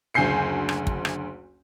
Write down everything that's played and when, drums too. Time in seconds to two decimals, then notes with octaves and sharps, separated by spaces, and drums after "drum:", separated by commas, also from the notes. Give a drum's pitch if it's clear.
0.14 F#1 D2 G#5 G6 C7 C#7
0.69 drum: rim click
0.87 drum: kick
1.05 drum: rim click